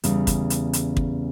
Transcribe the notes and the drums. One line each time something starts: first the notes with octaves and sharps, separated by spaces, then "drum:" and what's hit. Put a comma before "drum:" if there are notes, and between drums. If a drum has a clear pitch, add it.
E2 C#3 G3, drum: hi-hat
drum: kick, hi-hat
drum: hi-hat
drum: hi-hat
drum: kick